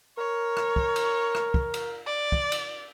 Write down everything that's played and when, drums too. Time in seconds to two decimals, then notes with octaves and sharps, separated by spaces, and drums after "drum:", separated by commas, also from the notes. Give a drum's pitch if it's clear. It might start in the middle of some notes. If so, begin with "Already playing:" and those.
0.18 A#4 C#5
0.57 drum: rim click
0.76 drum: kick
0.96 drum: cymbal
1.35 drum: rim click
1.54 drum: kick
1.74 drum: cymbal
2.06 D5
2.32 drum: kick
2.52 drum: cymbal